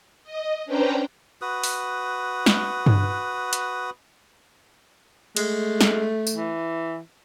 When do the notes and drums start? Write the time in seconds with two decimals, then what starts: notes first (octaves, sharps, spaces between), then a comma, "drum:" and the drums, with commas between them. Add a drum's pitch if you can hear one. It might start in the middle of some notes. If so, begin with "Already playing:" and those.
0.24 D#5
0.66 C#4 D4 B4 C5 G5 A#5
1.42 F#4 B4 D#6
1.64 drum: open hi-hat
2.46 drum: snare
2.86 drum: tom G2
3.53 drum: hi-hat
5.37 G#3 A3, drum: cymbal
5.81 drum: snare
6.27 drum: tambourine
6.36 E3